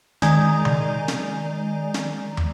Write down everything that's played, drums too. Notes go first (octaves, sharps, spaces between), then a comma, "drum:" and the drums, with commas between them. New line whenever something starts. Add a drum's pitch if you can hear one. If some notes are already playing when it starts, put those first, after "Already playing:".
D#3 G#3 D5 G#5 A#5 G6, drum: snare
drum: tom C3
drum: snare
drum: snare
drum: tom